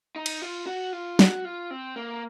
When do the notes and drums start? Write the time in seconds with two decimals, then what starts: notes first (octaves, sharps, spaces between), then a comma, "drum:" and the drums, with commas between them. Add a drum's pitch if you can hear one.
0.16 D#4
0.26 drum: cymbal
0.42 F4
0.67 F#4
0.93 F4
1.19 F#4, drum: snare
1.45 F4
1.71 C4
1.96 A#3